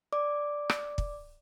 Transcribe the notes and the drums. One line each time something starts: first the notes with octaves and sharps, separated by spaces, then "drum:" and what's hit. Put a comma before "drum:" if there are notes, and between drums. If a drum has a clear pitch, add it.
D5 D6
drum: rim click
drum: kick